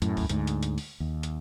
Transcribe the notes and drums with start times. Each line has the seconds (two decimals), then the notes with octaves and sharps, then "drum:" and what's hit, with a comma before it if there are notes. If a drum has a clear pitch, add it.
0.02 F#2 A2, drum: hi-hat
0.17 drum: kick, open hi-hat
0.29 D2 G#2, drum: hi-hat
0.47 drum: hi-hat
0.63 drum: hi-hat
0.78 drum: open hi-hat
1.00 D#2
1.23 drum: hi-hat